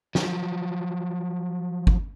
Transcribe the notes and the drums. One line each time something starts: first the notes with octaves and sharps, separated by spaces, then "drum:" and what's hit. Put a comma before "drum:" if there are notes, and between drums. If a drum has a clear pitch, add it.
F3 F#3, drum: snare
drum: kick G1